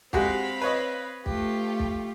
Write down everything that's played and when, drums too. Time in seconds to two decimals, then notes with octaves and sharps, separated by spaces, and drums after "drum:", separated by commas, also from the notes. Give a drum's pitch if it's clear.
0.13 G#3 C4 F#4 G4 F5 B5, drum: kick
0.61 B4 C#5 D#5
1.26 A3 F4 G4, drum: kick
1.79 drum: kick